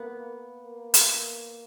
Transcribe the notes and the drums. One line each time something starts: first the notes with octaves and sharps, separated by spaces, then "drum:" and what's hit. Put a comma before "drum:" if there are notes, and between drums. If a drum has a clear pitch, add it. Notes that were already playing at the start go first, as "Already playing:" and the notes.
Already playing: A#3 B3
A#3
drum: hi-hat